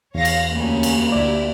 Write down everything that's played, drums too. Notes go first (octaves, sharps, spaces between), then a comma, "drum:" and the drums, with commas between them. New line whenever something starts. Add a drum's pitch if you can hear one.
E2 C#5 F5 A#6
drum: cymbal
D2 G3 A#3 C#4
drum: cymbal
D2 E4 G4 D5